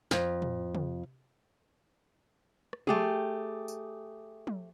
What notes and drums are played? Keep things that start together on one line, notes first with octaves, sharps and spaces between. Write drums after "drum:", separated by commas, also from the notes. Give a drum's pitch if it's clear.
F2, drum: snare
drum: tom
drum: tom
drum: rim click
A3 G4 G#4, drum: tom
drum: tambourine
drum: tom